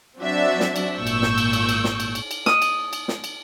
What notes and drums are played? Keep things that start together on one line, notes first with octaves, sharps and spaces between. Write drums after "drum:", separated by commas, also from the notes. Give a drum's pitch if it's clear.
F#3 C4 D4 F#4 D5 E5
drum: snare
drum: cymbal
G#1 A#2 C#6 E6 G6
drum: cymbal
drum: snare
drum: cymbal
drum: cymbal
drum: cymbal
drum: snare
drum: cymbal
drum: cymbal
drum: cymbal
D#6, drum: snare
drum: cymbal
drum: cymbal
drum: snare
drum: cymbal